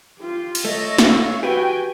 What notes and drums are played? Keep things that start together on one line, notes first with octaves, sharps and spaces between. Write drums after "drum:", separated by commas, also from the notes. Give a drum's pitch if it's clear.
F4 G4
drum: cymbal
A3 C#5 D#5 E5
drum: snare
F5
F#4 G4 B4 G5 G#5